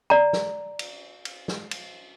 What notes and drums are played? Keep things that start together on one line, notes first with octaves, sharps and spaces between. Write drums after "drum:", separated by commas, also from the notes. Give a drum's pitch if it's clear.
D5 A#5
drum: snare
drum: cymbal
drum: cymbal
drum: snare
drum: cymbal